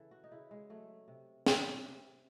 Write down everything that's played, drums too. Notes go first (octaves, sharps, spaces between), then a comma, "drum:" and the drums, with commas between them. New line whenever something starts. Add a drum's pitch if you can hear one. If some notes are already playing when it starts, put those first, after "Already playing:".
Already playing: C#3 E3 A4
F#4
D#4
C#3 E4
G#3
F#3 A3
C3
F#3, drum: snare
C3